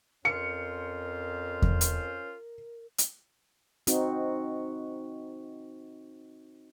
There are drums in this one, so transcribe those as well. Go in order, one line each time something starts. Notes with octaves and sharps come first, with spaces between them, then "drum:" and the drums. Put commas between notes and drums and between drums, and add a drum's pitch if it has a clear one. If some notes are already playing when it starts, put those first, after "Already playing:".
F2 C#4 F4 A#4 C5 C#7
drum: kick E2
drum: hi-hat
drum: hi-hat
C4 D#4 F#4, drum: hi-hat